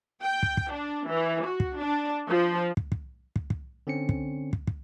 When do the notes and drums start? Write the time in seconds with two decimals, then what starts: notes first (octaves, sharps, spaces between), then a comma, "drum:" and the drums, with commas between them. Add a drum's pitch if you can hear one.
0.23 G5
0.43 drum: kick
0.57 drum: kick
0.72 D4
1.08 E3
1.45 F#4
1.60 drum: kick
1.79 D4
2.27 F3
2.77 drum: kick
2.92 drum: kick
3.36 drum: kick
3.50 drum: kick
3.87 D3 C4 C#4 C#7
4.09 drum: kick
4.53 drum: kick
4.67 drum: kick